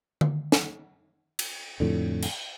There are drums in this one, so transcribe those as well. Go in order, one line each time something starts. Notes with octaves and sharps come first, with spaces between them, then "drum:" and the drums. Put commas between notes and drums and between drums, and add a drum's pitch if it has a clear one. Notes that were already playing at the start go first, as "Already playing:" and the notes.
drum: tom D3
drum: snare
drum: cymbal
F2 A2 D3
drum: cymbal